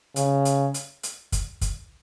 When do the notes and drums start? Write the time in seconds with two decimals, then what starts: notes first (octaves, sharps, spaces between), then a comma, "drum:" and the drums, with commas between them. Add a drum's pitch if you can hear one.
0.16 C#3, drum: hi-hat
0.45 drum: hi-hat
0.74 drum: hi-hat
1.03 drum: hi-hat
1.32 drum: kick, hi-hat
1.61 drum: kick, hi-hat